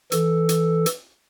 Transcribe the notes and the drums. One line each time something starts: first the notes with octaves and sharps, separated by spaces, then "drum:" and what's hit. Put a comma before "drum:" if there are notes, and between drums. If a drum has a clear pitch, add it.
E3 A4, drum: hi-hat
drum: hi-hat
drum: hi-hat